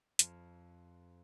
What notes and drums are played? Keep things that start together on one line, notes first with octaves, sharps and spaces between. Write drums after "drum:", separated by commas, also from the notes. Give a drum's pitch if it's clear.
F2 F6 E7, drum: hi-hat